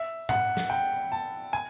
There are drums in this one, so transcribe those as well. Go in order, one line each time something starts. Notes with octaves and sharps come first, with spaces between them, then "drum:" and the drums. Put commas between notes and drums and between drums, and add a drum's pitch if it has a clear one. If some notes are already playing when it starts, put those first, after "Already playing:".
Already playing: E5
F#5, drum: tom A2
drum: snare
G5
A5
G#5